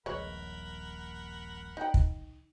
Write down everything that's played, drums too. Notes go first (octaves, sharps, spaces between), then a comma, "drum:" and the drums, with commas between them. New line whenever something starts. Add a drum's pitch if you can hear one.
D#1 A#1 G#3 A#4 B4 C#5 F#5 B5
D#4 G5
drum: kick